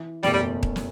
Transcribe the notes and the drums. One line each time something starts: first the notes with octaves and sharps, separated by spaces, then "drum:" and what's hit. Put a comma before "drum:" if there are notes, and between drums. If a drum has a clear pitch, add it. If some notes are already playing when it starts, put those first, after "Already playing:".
Already playing: E3
F#1 E2 B2 G3 A3, drum: snare
G3
drum: kick D#1
drum: snare